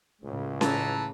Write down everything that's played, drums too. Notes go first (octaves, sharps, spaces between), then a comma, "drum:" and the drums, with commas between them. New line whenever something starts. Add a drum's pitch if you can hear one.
C#2 A2 C#3
E3 A5 A#5, drum: snare C#4